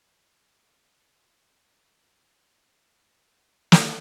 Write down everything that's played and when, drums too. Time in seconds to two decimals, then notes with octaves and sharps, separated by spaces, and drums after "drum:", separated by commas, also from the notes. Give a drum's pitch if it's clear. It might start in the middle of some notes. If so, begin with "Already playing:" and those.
Already playing: D3
0.10 F#3 A#3 C#4
0.40 A2 C#6
0.72 F3 G#3 C#4
1.02 C3 C6
1.18 A#5
1.32 F3 A3 C4 A#5
1.48 A#5
1.64 C#3 C#6
1.94 E3 G#3 B3 D4 B5
2.25 F#2 A#5
2.56 C#3 F#3 B3 D4
2.86 B2
3.18 G3 A#3
3.72 drum: snare